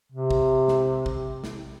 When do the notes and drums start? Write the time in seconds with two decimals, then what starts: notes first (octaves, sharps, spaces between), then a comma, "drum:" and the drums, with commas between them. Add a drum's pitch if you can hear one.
0.12 C3
0.31 drum: kick
0.68 drum: snare
1.06 drum: kick
1.44 drum: snare